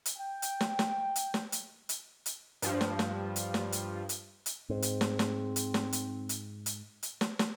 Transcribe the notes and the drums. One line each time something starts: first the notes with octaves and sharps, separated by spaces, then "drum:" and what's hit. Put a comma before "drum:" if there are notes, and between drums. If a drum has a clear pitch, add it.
drum: hi-hat
G5
drum: hi-hat
drum: snare
drum: snare
drum: hi-hat
drum: snare
drum: hi-hat
drum: hi-hat
drum: hi-hat
G2 F3, drum: hi-hat
drum: snare
drum: snare
drum: hi-hat
drum: snare
drum: hi-hat
drum: hi-hat
drum: hi-hat
G#2 C4
drum: hi-hat
drum: snare
drum: snare
drum: hi-hat
drum: snare
drum: hi-hat
drum: hi-hat
drum: hi-hat
drum: hi-hat
drum: snare
drum: snare